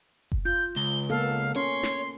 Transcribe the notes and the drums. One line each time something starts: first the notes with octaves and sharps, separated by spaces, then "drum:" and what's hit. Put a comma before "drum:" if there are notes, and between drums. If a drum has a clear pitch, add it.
drum: kick F#1
F4 G6
C#2 G7
A#3 B3 A4 F5
C#4 C#5 C6
drum: snare